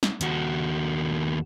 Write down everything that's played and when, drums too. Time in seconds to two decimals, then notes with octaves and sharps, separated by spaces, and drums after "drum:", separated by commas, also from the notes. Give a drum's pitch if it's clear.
0.03 drum: snare
0.21 D#2 F#4, drum: hi-hat